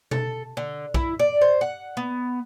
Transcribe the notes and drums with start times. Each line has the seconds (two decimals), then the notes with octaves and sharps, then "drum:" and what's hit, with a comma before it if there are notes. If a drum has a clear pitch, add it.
0.11 A4, drum: tom B2
0.57 D3
0.94 E4, drum: kick B1
1.20 D5
1.41 C5
1.61 F#5
1.97 B3